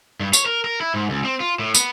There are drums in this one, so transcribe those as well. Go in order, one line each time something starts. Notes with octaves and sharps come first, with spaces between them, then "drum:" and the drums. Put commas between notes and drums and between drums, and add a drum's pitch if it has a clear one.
G2
C#5, drum: tambourine
A#4
A#4
E4
G#2
C#2
C4
F4
A2
B3, drum: tambourine